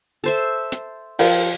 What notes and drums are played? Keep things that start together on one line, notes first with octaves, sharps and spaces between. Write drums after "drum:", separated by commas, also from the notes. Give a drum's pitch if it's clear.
A4 C5 E5
drum: hi-hat
F3 A#4 F5, drum: open hi-hat